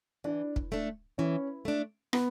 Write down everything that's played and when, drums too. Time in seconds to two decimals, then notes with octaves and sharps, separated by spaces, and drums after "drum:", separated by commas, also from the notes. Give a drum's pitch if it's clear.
0.24 E3 D4
0.56 drum: kick
0.72 A3 D4
1.18 E3 C#4
1.65 A3 D4
2.13 B3, drum: rim click